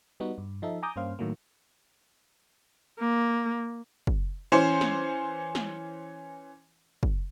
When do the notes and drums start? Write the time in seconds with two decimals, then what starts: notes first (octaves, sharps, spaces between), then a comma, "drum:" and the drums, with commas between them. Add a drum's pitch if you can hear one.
0.20 G3 B3 D#4 F#4
0.38 G2
0.62 F3 D#4 A4 E5
0.82 G#5 A#5 D6 D#6 G6
0.96 G2 A#3 C#4 C5 F5
1.19 A2 D#3 F#3 A3 A#3
3.00 A#3
4.07 drum: kick
4.52 E3 C#4 C5
4.81 drum: snare
5.55 drum: snare
7.03 drum: kick